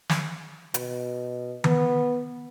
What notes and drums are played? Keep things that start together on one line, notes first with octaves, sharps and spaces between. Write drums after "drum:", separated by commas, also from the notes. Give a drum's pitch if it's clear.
drum: snare
B2, drum: hi-hat
B3, drum: tom D#3